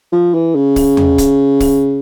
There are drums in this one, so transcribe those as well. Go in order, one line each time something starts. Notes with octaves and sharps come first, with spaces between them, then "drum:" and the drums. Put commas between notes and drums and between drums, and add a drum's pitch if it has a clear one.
F3
E3
C#3
drum: kick, open hi-hat
drum: tom E2
drum: kick, hi-hat
drum: kick, open hi-hat